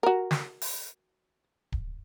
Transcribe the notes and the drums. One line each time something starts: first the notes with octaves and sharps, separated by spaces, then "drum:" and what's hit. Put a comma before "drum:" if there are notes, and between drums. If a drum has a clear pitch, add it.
F#4 A#4
drum: snare
drum: open hi-hat
drum: kick D1